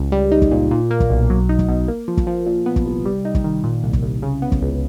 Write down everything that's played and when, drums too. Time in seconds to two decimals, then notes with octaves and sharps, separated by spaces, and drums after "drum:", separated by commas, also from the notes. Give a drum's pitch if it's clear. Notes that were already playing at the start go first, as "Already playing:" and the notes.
Already playing: C#2
0.12 G3
0.31 D#4
0.42 drum: kick
0.51 A#2
0.71 A#2
0.91 A#3
1.00 drum: kick
1.10 B1
1.30 F#3
1.49 D#4
1.59 drum: kick
1.69 B2
1.88 A#3
2.08 F3
2.17 drum: kick
2.27 F3
2.46 A#2
2.66 B3
2.76 drum: kick
2.86 C2
3.05 G3
3.25 D#4
3.35 drum: kick
3.44 D#3
3.64 A#2
3.84 C2
3.93 drum: kick
4.03 C2
4.22 C#3
4.42 B3
4.52 drum: kick
4.62 C#2